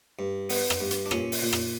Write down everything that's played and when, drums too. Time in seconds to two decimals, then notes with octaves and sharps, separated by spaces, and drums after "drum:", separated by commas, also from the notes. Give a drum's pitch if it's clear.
0.19 G2
0.49 B3, drum: open hi-hat
0.70 drum: rim click
0.80 G2
0.91 drum: hi-hat
1.06 D4
1.11 A#2 C#4, drum: rim click
1.32 drum: open hi-hat
1.42 A#2
1.53 drum: rim click